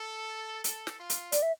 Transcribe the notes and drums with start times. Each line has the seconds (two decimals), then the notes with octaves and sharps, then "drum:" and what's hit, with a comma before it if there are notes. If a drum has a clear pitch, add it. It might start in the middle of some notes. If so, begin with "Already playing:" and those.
Already playing: A4
0.64 A4, drum: hi-hat
0.87 drum: snare
0.98 F4
1.10 drum: hi-hat
1.32 D5, drum: hi-hat
1.42 E5